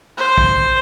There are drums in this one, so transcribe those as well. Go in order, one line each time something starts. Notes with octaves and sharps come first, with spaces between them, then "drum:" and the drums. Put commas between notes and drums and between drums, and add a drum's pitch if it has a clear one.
C5
drum: kick